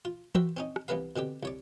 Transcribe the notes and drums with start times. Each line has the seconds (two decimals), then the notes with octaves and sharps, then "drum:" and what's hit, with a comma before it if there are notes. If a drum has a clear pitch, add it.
0.05 F4
0.35 F#4 A#4 C5 E5 G5, drum: tom E3
0.57 C4 C#4 D#4
0.76 drum: rim click
0.88 C2 E3 B3 A#4 B4 F5
1.16 B2 D3 C4 G4
1.43 C2 C#5 D5